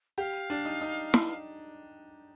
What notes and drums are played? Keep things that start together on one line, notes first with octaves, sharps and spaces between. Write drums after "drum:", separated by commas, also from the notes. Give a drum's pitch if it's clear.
G4 F5
D4
D#4
D#4
drum: snare